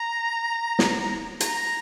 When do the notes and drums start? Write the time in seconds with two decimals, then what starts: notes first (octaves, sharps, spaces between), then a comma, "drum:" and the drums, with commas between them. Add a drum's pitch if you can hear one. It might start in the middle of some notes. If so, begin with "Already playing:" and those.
Already playing: A#5
0.79 drum: snare
1.40 A#5, drum: hi-hat